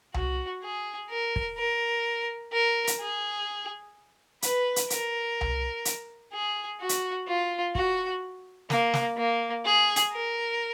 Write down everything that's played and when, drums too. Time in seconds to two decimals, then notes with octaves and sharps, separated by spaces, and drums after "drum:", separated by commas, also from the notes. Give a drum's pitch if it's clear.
0.14 F#4, drum: tom C2
0.62 G#4
1.10 A#4
1.36 drum: kick
1.58 A#4
2.53 A#4
2.87 drum: hi-hat
3.00 G#4
4.42 B4, drum: hi-hat
4.76 drum: hi-hat
4.90 A#4, drum: hi-hat
5.41 drum: tom C2
5.85 drum: hi-hat
6.32 G#4
6.80 F#4
6.89 drum: hi-hat
7.28 F4
7.75 F#4, drum: kick
8.70 A#3, drum: snare
8.94 drum: snare
9.17 A#3
9.65 G#4
9.96 drum: hi-hat
10.12 A#4